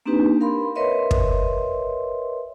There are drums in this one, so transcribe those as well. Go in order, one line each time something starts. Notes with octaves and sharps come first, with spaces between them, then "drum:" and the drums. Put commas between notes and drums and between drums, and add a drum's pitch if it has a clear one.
A#3 C4 D4 D#4 G4 B4
A#4 F5 B5 C6
A#4 B4 C#5 D#5 E5 C6
drum: kick